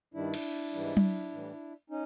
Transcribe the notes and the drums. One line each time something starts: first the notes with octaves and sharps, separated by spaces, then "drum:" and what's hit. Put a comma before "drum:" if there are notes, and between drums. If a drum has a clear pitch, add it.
G2 D#3 G3 D4 E4
drum: cymbal
G#2 E3 G3
drum: tom F#3
A2 E3 G3
C#4 D#4